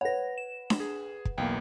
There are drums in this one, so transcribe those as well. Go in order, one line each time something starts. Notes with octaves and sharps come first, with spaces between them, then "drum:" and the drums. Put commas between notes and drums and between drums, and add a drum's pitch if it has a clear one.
B4 C#5 F#5 A#6
E7
drum: snare D4
G#4
drum: kick
B1 E2 A#3 G5